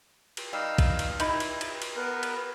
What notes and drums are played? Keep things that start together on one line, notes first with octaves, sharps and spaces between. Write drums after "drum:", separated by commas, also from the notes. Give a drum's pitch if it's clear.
drum: cymbal
G3 D#4 F5 E6
drum: kick, cymbal
drum: cymbal
D#4 E4 B5, drum: cymbal
drum: cymbal
drum: cymbal
drum: cymbal
B3 A#4 B4
drum: cymbal